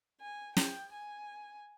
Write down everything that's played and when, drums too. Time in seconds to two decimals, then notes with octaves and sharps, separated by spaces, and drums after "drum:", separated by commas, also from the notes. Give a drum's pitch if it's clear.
0.21 G#5
0.57 G5, drum: snare
0.93 G#5